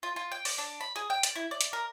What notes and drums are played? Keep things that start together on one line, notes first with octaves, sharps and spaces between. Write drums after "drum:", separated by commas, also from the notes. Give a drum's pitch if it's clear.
F4
F4
G5
D5, drum: open hi-hat
D4
B5
G#4
G5
D5, drum: hi-hat
E4
D5
drum: hi-hat
A#4